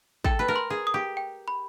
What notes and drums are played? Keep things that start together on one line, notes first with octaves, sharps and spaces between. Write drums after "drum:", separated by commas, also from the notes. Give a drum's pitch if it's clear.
A4 G5, drum: kick
B4
A#4
C6
G#4
D#6
G4
G5
B5